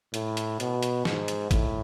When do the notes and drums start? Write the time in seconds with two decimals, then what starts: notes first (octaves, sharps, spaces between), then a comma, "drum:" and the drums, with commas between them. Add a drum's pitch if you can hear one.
0.14 A2, drum: hi-hat
0.37 drum: hi-hat
0.60 B2, drum: hi-hat
0.83 drum: hi-hat
1.05 G#2, drum: snare
1.28 drum: hi-hat
1.51 A2, drum: kick, hi-hat